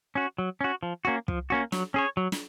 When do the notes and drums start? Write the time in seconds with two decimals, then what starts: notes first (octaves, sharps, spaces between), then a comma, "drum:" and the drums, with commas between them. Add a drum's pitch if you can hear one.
0.15 C#4 F#4
0.38 F#3
0.61 C#4 F#4
0.83 F3
1.05 A#3 C#4 F#4
1.28 F3, drum: kick
1.50 A#3 C#4 F#4
1.72 F#3, drum: snare
1.94 C#4 G#4 C#5
2.17 F#3
2.32 drum: snare